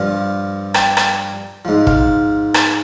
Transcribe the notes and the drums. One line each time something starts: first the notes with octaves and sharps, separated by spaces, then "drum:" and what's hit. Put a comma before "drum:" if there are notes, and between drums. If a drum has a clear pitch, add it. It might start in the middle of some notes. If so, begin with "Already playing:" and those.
Already playing: G2 F3 F5
G5, drum: rim click
drum: rim click
G#2 F3
F5, drum: kick
drum: rim click